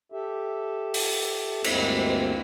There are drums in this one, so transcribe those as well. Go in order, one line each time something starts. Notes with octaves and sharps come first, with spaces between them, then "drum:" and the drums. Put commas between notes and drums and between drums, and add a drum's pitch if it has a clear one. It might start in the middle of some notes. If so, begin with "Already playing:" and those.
G4 A4 E5
drum: open hi-hat
D2 G2 G#3 A#3 C4 E4, drum: cymbal